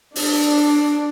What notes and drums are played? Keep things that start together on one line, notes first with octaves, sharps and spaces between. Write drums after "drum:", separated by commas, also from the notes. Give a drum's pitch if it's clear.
D4, drum: open hi-hat